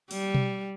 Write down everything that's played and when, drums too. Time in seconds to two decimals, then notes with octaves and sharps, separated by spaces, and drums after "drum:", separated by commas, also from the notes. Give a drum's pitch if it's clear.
0.11 G3, drum: open hi-hat
0.34 drum: tom B2